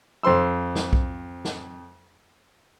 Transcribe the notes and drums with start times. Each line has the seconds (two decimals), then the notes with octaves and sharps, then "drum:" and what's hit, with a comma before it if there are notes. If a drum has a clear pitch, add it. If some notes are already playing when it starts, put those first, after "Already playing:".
0.23 F2 C5 C6 E6
0.75 drum: snare
0.93 drum: kick B1
1.45 drum: snare